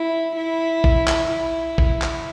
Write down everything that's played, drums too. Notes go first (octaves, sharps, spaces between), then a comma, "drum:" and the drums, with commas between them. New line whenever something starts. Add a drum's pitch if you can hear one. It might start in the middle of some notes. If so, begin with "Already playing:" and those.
Already playing: E4
E4
drum: kick
drum: clap
E4
drum: kick
drum: clap